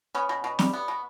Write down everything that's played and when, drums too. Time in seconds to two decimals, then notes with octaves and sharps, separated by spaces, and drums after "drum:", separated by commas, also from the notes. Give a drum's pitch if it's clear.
0.15 B3 C#4
0.29 B2
0.44 B2
0.59 G3, drum: snare
0.73 B3
0.88 B2